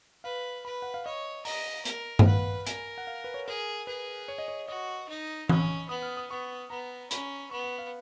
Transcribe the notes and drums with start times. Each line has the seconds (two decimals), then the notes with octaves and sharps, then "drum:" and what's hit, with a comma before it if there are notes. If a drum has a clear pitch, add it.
0.24 B4 F5
0.65 B4 B5
0.82 F#5
0.94 F5
1.06 C#5 D#5
1.45 D#5 A#5, drum: open hi-hat
1.85 A#4, drum: hi-hat
2.19 F5, drum: tom G2
2.26 B4 F#5
2.67 A#4 G#5, drum: hi-hat
2.98 F#5
3.07 F5
3.24 B4
3.34 C#5
3.47 G#4 A#4
3.87 G#4 B4
4.28 C#5
4.38 D#5
4.48 C#5
4.68 F#4 D#5
5.09 D#4
5.49 C#4 B5, drum: tom E3
5.89 B3 D#6
6.02 F6
6.17 D#6
6.30 B3 C#6
6.70 B3 A#5
7.11 C#4 B5, drum: hi-hat
7.51 B3 C#6
7.64 F#5
7.78 F5